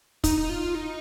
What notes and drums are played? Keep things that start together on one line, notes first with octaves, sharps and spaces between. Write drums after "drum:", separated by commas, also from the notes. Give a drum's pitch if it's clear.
D#4, drum: kick, hi-hat
D#4
F4
D#4